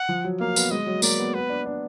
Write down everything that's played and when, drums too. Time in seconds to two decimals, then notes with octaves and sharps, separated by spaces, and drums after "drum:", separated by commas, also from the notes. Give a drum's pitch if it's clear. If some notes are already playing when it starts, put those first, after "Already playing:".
Already playing: F#5
0.09 F3
0.24 F#3
0.40 A#3 F5
0.56 B3, drum: tambourine
0.71 G#3 D#5
0.86 F#3
1.02 A#3 D5, drum: tambourine
1.19 B3
1.34 B3 B4
1.49 D4
1.66 D4